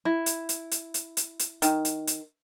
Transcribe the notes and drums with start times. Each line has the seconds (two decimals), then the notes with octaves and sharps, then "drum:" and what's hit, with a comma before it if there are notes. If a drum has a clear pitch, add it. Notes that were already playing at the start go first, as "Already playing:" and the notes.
0.05 E4
0.26 drum: hi-hat
0.49 drum: hi-hat
0.71 drum: hi-hat
0.94 drum: hi-hat
1.17 drum: hi-hat
1.39 drum: hi-hat
1.62 D#3, drum: hi-hat
1.85 drum: hi-hat
2.07 drum: hi-hat